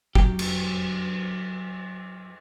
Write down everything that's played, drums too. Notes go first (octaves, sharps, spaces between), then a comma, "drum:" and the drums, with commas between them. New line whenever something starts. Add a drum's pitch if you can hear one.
F#3 G4, drum: kick
drum: cymbal